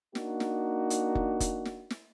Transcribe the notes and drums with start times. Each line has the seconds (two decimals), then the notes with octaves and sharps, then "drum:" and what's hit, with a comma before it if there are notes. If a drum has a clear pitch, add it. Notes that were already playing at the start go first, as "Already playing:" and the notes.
0.15 A#3 D4 D#4 F#4, drum: snare
0.40 drum: snare
0.90 drum: hi-hat
1.15 drum: kick F#1
1.40 drum: kick F#1, hi-hat
1.65 drum: snare
1.90 drum: snare